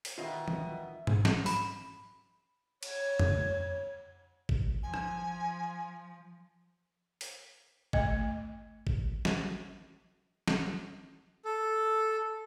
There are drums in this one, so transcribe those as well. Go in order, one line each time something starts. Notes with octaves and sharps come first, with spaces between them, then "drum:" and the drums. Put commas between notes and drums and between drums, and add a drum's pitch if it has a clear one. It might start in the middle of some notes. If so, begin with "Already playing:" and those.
drum: open hi-hat
B2 D#3 B3 F4 D#5 E5
drum: tom E3
drum: tom G#2
drum: snare
B5, drum: open hi-hat
C#5, drum: cymbal
drum: tom F2
drum: kick G#1
F3 G#5
drum: rim click
drum: open hi-hat
A3 D#5, drum: kick G#1
drum: kick G#1
drum: snare
drum: snare
A4